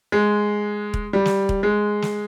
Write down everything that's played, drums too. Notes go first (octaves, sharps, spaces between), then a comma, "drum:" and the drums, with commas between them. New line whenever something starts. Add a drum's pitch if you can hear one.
G#3
drum: kick
G3
drum: snare
drum: kick
G#3
drum: snare